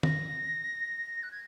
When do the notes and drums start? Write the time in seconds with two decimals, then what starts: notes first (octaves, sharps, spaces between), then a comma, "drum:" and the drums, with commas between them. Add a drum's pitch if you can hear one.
0.03 A#6, drum: tom
1.23 F#6
1.32 G#6